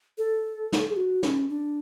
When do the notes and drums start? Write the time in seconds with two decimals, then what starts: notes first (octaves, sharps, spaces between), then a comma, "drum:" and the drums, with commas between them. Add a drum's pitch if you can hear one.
0.18 A4
0.72 drum: snare
0.90 G#4
0.97 F#4
1.23 C#4, drum: snare
1.49 D4